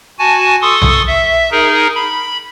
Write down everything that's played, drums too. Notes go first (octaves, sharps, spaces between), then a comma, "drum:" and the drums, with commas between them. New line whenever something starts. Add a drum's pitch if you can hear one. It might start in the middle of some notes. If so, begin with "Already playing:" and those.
F#4 G#5 A5
A4 C6 C#6 D#6
drum: tom B1
E5
D#4 G#4 A#4
B5